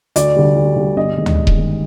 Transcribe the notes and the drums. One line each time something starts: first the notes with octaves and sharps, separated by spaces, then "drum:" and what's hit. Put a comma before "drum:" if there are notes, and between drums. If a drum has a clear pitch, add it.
D2 D5, drum: hi-hat
D3 G3
D2
D3 G3
G1 D#5
G2 D#3 G#3
drum: tom D2
G1
drum: kick D#1
G2 D#3 G#3